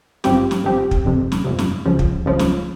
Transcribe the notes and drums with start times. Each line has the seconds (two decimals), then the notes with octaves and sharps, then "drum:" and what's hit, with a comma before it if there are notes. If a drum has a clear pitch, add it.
0.24 G#1 G2 F3 C4 G4, drum: snare
0.51 drum: snare
0.64 G#1 G2 F3 C4 G4
0.91 drum: kick
1.05 G1 F2 C3
1.32 drum: snare
1.45 G1 F2 C3
1.59 drum: snare
1.85 C#2 C#3 F3
1.99 drum: kick
2.26 C#2 C#3 F3
2.39 drum: snare